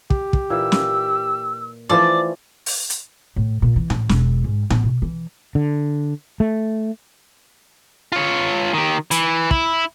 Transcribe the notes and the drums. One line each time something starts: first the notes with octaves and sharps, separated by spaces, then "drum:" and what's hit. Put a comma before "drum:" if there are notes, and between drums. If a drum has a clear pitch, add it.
G4, drum: kick
drum: kick
A#2 E3 E6
drum: snare
E3 F3 A3 D5
drum: open hi-hat
drum: hi-hat
A2
A#2
E3
A2, drum: tom A2
E1, drum: snare
G#2
B3, drum: tom A2
B2
E3
D3
A3
F4 C#5
D#3 G4
E3, drum: hi-hat
E4, drum: kick